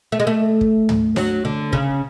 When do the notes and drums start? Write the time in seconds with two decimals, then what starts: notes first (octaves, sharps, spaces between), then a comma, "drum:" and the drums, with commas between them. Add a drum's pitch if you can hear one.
0.12 A3
0.20 G#3
0.27 A3
0.61 drum: kick
0.89 drum: tom
1.16 F#3, drum: snare D4
1.45 D3
1.73 C#3, drum: kick